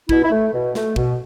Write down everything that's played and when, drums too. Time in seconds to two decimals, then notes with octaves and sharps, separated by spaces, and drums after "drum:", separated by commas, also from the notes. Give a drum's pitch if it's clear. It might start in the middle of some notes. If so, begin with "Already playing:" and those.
0.09 B2 E4, drum: kick
0.24 E4
0.31 A3
0.53 B2
0.75 A3, drum: snare
0.96 B2, drum: kick